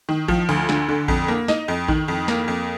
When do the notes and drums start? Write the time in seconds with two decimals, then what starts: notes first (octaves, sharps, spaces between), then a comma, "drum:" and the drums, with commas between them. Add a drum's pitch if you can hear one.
0.09 D#3
0.28 F3, drum: kick A1
0.49 D2
0.69 D3, drum: snare
0.89 D3
1.08 F2, drum: kick A1
1.28 A#3
1.48 D#4, drum: snare
1.68 F2
1.88 D#3, drum: kick A1
2.08 F2
2.28 A#3, drum: snare
2.48 F2